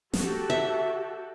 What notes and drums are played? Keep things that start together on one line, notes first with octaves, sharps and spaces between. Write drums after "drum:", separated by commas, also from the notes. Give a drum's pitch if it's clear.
F#4 G4 A4, drum: snare
E5